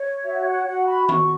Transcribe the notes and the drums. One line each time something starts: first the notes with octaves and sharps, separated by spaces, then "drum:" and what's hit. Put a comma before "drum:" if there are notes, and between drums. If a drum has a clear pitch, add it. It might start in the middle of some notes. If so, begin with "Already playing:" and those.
Already playing: C#5
F#4 E5
E5
F#5
F#4 F#5
B5
F#4 C#6, drum: tom D#3